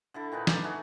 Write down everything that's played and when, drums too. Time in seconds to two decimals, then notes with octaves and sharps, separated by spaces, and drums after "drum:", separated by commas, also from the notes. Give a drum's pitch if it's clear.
0.14 D3 E4 A4
0.32 A#2 D#3 D#4 B4
0.47 D#4 B4 D5 A5, drum: snare
0.64 A3 F#4 G#4 B4